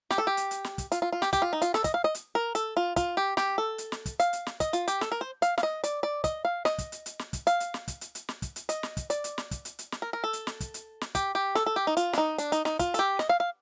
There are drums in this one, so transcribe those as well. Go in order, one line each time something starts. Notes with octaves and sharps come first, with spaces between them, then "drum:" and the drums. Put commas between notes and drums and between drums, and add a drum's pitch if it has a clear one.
G4, drum: snare
A4
G4
drum: hi-hat
drum: hi-hat
drum: snare
drum: kick, hi-hat
F4, drum: hi-hat
F4
F4
G4, drum: snare
G4, drum: kick, hi-hat
F4
D#4
F4, drum: hi-hat
A4, drum: snare
D#5, drum: kick, hi-hat
F5
D#5
drum: hi-hat
A#4
A4, drum: hi-hat
F4
F4, drum: kick, hi-hat
G4
G4, drum: snare
A4
drum: hi-hat
drum: snare
drum: kick, hi-hat
F5, drum: hi-hat
drum: hi-hat
drum: snare
D#5, drum: kick, hi-hat
F4, drum: hi-hat
G4, drum: hi-hat
A4, drum: snare
A#4
C5
F5, drum: hi-hat
F5, drum: snare
D#5
D5, drum: hi-hat
D5
D#5, drum: kick, hi-hat
F5
D#5, drum: snare
drum: kick, hi-hat
drum: hi-hat
drum: hi-hat
drum: snare
drum: kick, hi-hat
F5, drum: hi-hat
drum: hi-hat
drum: snare
drum: kick, hi-hat
drum: hi-hat
drum: hi-hat
drum: snare
drum: kick, hi-hat
drum: hi-hat
D#5, drum: hi-hat
drum: snare
drum: kick, hi-hat
D5, drum: hi-hat
drum: hi-hat
drum: snare
drum: kick, hi-hat
drum: hi-hat
drum: hi-hat
drum: snare
A#4
A#4
A4
drum: hi-hat
drum: snare
drum: kick, hi-hat
drum: hi-hat
drum: snare
G4, drum: kick, hi-hat
G4
A4, drum: snare
A4
G4
D#4
F4, drum: hi-hat
D4, drum: snare
D#4
D4, drum: hi-hat
D#4, drum: hi-hat
D#4, drum: snare
F4, drum: kick, hi-hat
A4, drum: hi-hat
G4
D#5, drum: snare
F5
F5